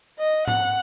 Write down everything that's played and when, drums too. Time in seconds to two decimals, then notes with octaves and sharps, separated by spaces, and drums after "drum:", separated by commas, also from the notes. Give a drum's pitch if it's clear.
0.19 D#5
0.47 F#5, drum: tom G#2